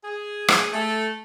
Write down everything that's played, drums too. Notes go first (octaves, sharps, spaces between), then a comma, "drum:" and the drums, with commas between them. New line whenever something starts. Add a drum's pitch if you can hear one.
G#4
drum: rim click
A3